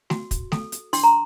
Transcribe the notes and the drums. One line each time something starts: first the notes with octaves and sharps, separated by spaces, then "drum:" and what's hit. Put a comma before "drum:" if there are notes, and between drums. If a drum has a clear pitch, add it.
F#4, drum: snare A3
drum: kick, hi-hat
A4, drum: snare A3
drum: hi-hat
D4 C6, drum: open hi-hat
A#5